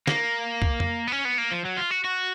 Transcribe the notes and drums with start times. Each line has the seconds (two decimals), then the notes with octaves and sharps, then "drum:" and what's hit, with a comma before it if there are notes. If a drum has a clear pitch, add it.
0.07 A#3, drum: snare
0.62 drum: kick
0.80 drum: tom F2
1.07 B3
1.12 C#4
1.25 B3
1.38 A#3
1.52 F3
1.65 F#3
1.78 F4
1.91 F#4
2.05 F#4